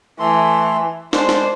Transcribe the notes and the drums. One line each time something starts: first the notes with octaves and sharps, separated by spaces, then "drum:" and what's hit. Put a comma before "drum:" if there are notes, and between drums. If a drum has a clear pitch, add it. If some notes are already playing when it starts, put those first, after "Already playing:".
E3 A3 A4 C6
G#3 D4 C5 D5, drum: snare
drum: snare